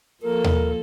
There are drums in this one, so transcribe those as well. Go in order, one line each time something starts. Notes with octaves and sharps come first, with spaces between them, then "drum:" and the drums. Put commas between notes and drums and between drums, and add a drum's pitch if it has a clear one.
F3 A#3 A4 A#4
drum: tom D#2